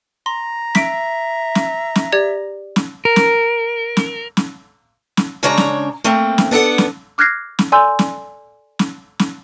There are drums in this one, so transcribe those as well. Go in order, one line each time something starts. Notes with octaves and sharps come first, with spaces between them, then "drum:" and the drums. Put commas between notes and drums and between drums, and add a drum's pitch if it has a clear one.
A#5 C6
E5 B6 D7, drum: snare
drum: snare
drum: snare
G4 D5 G#6
drum: snare
A#4
drum: snare
drum: snare
drum: snare
drum: snare
C#3 G#3 D4 C#5 D#5 A#5
drum: snare
A3 A#3 C4
drum: snare
B3 D4 A4 F#5
drum: snare
D6 F6 F#6 G#6 A#6 C7
drum: snare
A4 D5 G#5 C6 E6 G6
drum: snare
drum: snare
drum: snare